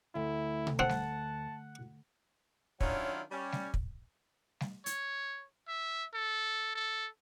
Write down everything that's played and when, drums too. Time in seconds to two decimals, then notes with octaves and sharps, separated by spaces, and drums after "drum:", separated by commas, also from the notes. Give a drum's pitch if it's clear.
0.15 D2 E4
0.67 drum: tom B2
0.79 C4 F#5 A5
0.89 drum: snare G3
2.81 D#3 F#3 C#4 D4 E4 F4, drum: kick
3.32 G3 C#4
3.52 drum: snare G3
3.74 drum: kick
4.61 drum: snare G3
4.86 C#5, drum: hi-hat
5.68 E5
6.14 A4
6.76 A4